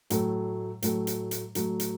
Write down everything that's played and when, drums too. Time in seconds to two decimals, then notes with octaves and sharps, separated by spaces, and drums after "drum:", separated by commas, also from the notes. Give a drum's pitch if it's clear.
0.10 A2 F#3 A3, drum: hi-hat
0.82 A2 F#3 A3, drum: hi-hat
1.07 drum: hi-hat
1.31 drum: hi-hat
1.55 A2 F#3 A3, drum: hi-hat
1.80 drum: hi-hat